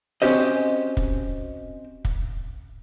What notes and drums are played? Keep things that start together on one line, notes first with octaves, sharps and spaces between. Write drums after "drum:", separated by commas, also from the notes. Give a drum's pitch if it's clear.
C4 C#4 F#4 G4 C5 D#5, drum: open hi-hat
drum: kick
drum: kick